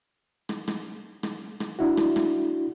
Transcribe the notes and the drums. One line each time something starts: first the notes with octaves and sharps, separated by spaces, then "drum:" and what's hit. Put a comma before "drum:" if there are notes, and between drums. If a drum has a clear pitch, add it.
drum: rim click
drum: rim click
drum: rim click
drum: rim click
D4 E4 F#4
drum: rim click
drum: rim click